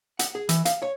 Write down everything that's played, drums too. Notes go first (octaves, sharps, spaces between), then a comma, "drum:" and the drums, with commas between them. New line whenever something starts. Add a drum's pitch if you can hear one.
F#5, drum: hi-hat
G#4
E3, drum: hi-hat
F5, drum: hi-hat
C#5